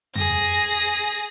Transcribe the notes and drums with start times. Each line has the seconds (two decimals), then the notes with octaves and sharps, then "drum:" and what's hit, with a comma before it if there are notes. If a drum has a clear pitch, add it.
0.15 G#4 A#6, drum: tom